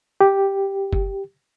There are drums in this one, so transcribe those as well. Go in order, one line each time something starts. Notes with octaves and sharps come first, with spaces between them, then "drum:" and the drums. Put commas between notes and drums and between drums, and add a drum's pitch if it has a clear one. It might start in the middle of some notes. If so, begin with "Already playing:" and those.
G4
drum: kick F#1